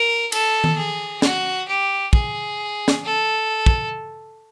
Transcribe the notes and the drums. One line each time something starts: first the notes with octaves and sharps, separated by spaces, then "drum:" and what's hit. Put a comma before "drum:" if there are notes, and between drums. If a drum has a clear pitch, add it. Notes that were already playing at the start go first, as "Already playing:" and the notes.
Already playing: A#4
A4, drum: cymbal
drum: tom D#3
G#4
F#4, drum: snare
G4
G#4, drum: kick
drum: snare
A4
drum: kick